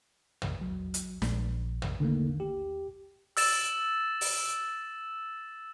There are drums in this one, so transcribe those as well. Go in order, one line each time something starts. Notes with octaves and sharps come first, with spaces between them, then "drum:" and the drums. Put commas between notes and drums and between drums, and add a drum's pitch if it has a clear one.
drum: tom
F#3
drum: hi-hat
A#1, drum: snare
drum: tom
D3 D#3 A3 A#3
G4
E6 A6 E7, drum: open hi-hat
drum: open hi-hat